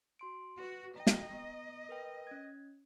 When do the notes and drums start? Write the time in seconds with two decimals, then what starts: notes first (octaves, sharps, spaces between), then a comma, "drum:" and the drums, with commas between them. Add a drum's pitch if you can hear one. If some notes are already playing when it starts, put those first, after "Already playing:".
0.19 F#4 C6 D7
0.60 F#4 B4
0.96 D#5 G5 A#5
1.07 drum: snare
1.31 B3 A#5
1.89 A#4 B4 G5
2.27 C#4 G#6